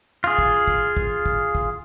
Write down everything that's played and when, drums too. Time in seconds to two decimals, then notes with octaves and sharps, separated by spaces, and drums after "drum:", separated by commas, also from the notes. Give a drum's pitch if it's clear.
0.24 F4 G#4
0.38 drum: kick
0.68 drum: kick
0.97 drum: kick
1.26 drum: kick
1.55 drum: kick